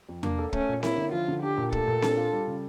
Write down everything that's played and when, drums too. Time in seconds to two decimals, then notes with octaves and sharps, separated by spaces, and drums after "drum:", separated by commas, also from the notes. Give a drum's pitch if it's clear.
0.09 F2
0.23 A#3 D4, drum: tom E2
0.39 A4
0.53 A3 C#4, drum: kick
0.68 A#2
0.83 A#3 E4, drum: snare C4
0.97 D3
1.12 F3 F4
1.28 D3
1.43 D4 G4
1.57 A#2
1.72 A3 A4, drum: kick
1.87 A#2
2.02 D4, drum: snare C4
2.17 F4
2.32 G3
2.47 C#3